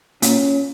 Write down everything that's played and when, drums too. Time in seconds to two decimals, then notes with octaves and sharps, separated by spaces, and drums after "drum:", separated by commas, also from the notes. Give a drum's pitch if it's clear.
0.22 A#2 C#4, drum: hi-hat